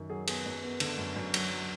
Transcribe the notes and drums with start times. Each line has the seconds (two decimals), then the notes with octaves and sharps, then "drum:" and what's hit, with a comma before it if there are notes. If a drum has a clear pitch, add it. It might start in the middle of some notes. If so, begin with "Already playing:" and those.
Already playing: F#2 D#3
0.10 F#3 G#4
0.27 B3 G#4, drum: cymbal
0.46 F#2
0.63 B3
0.80 D3, drum: cymbal
0.98 F#2
1.16 F#2
1.34 F#3, drum: cymbal
1.52 F#3